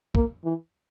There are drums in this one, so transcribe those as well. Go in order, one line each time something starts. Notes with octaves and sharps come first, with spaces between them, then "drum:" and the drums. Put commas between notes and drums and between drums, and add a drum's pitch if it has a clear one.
A#3, drum: kick
E3